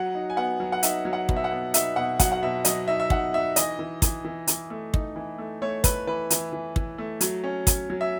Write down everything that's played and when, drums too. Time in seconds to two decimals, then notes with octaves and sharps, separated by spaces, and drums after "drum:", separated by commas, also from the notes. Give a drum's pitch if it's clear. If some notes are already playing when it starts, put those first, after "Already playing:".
Already playing: F#3 F#5
0.15 D#4
0.30 G#5
0.37 B3 F#5
0.60 F#3
0.72 F#5
0.83 D#4 E5, drum: hi-hat
1.05 F#3
1.13 F#5
1.29 B2, drum: kick
1.36 E5
1.44 F#5
1.51 B3
1.74 D#4 E5, drum: hi-hat
1.96 B2 F#5
2.20 F#3 F#5, drum: kick, hi-hat
2.32 F#5
2.42 B2 E5
2.65 F#3 D#5, drum: hi-hat
2.88 D#4 E5
3.00 E5
3.10 D#4 F#5, drum: kick
3.33 D#4 E5
3.56 E3 D#5, drum: hi-hat
3.79 E3
4.02 E3, drum: kick, hi-hat
4.25 E3
4.47 E3, drum: hi-hat
4.70 A3
4.94 D#4, drum: kick
5.16 E3
5.38 A3
5.62 A3 C#5
5.84 A3 B4, drum: kick, hi-hat
6.07 E3 B4
6.30 E3, drum: hi-hat
6.53 E3
6.76 E3, drum: kick
6.98 A3
7.21 F#3, drum: hi-hat
7.44 C#4
7.67 C#4, drum: kick, hi-hat
7.90 F#3
8.01 E5